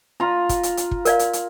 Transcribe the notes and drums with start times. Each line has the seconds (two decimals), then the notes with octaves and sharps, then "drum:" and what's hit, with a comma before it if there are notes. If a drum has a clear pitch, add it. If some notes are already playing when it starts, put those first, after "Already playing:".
0.20 F4 A#5
0.49 drum: kick, hi-hat
0.63 drum: hi-hat
0.77 drum: hi-hat
0.91 drum: kick
1.05 A#4 D5 F5, drum: hi-hat
1.19 drum: hi-hat
1.33 drum: hi-hat